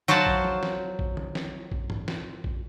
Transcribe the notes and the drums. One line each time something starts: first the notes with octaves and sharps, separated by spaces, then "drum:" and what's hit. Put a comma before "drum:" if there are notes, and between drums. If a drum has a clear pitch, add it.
F#3 F#4 C5 F5 A5
drum: kick
drum: tom
drum: snare
drum: kick
drum: tom
drum: snare
drum: kick
drum: tom G#2
drum: snare
drum: kick